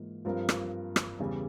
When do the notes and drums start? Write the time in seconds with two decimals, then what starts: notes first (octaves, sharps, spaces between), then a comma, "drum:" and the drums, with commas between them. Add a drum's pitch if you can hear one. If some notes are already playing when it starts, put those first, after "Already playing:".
Already playing: G#2 E3 A#3 F4
0.25 G2 F3 C4 F4 A#4
0.49 drum: rim click
0.96 drum: rim click
1.19 E2 C#3 G3